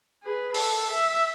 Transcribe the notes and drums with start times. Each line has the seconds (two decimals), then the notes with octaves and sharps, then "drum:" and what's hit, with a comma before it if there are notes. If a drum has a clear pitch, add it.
0.23 G#4 B4
0.54 A4, drum: open hi-hat
0.90 E5